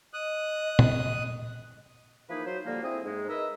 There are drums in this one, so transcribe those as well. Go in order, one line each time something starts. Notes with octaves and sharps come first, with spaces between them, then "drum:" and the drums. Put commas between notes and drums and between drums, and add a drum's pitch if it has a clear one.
D#5 D#6 F#6
drum: tom A#2
E3 F3 A#3 D#4 G#4 B4
F#3 C5
D3 F3 G3 A#3
C4 E4 G#4
G#2 G#3
D#4 A#4 B4 D#5 E5